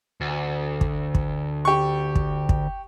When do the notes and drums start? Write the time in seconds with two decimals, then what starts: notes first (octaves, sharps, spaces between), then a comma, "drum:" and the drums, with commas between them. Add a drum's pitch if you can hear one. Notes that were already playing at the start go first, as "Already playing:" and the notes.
0.21 D2
0.81 drum: kick
1.15 drum: kick
1.65 G4 C#6
2.15 drum: kick
2.49 drum: kick